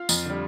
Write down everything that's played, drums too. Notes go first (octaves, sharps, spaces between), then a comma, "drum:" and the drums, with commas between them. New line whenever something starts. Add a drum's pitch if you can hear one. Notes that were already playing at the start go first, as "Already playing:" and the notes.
Already playing: F4 F5
F2, drum: tambourine
D3 G3